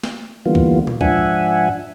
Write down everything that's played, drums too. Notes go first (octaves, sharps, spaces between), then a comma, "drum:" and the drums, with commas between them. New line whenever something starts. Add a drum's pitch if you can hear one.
drum: snare
D3 E3 G3 A#3 B3 F4
drum: kick
drum: tom A#2
G#2 F3 D4 E5 F#5 G#5, drum: kick